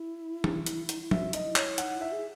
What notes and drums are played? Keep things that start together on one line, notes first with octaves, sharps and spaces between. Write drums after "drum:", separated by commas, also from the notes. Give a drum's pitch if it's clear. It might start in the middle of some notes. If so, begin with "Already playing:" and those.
Already playing: E4
drum: tom E3
drum: hi-hat
drum: hi-hat
E4
F#4 E5, drum: tom F3
D#4 D#5, drum: hi-hat
E4
C#5, drum: clap
D#4 F#5, drum: hi-hat
E4
E5
G#4